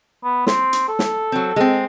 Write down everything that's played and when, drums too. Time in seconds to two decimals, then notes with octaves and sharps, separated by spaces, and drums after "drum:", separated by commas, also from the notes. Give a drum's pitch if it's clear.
0.24 B3
0.47 C4, drum: snare
0.73 drum: hi-hat
0.88 A4
0.99 drum: snare
1.32 F#3 C4
1.56 G#3 C4